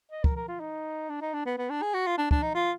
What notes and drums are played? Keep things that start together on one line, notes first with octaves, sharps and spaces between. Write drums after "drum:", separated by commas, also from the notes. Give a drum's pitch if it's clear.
D#5
A#4, drum: kick
A#4
F4
D#4
D4
D#4
D4
B3
B3
D4
G#4
F#4
F4
D4
D4, drum: kick
D#4
F4